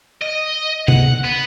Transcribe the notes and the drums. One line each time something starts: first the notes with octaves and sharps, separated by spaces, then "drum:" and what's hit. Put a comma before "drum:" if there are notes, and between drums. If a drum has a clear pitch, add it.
D#5
F#5, drum: tom C3
B3